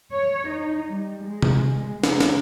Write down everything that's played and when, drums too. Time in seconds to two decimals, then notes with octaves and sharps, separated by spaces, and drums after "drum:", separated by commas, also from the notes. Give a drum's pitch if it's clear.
0.11 C#5
0.47 D#4
0.88 G3
1.23 G#3
1.42 drum: tom C3
2.03 C#3, drum: snare
2.21 drum: snare